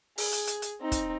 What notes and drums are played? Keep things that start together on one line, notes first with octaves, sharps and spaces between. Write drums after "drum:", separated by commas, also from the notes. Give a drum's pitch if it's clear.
G#4, drum: open hi-hat
drum: hi-hat
drum: hi-hat
drum: hi-hat
C4 D#4
drum: kick, hi-hat